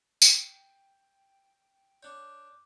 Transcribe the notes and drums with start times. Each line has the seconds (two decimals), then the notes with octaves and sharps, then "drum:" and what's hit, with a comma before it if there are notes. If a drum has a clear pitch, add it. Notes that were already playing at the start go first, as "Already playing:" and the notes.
0.22 G5, drum: tambourine
2.03 D4 C#5 D6 F#6 G6